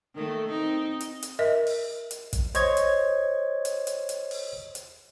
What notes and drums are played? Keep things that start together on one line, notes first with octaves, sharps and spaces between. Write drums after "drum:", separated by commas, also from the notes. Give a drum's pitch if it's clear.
D#3 A3
C4 D#4
drum: hi-hat
drum: hi-hat
A#4 D#5 E5
drum: open hi-hat
drum: hi-hat
drum: kick, hi-hat
C5 C#5 D#5 G#6, drum: hi-hat
drum: hi-hat
drum: hi-hat
drum: hi-hat
drum: hi-hat
drum: open hi-hat
drum: hi-hat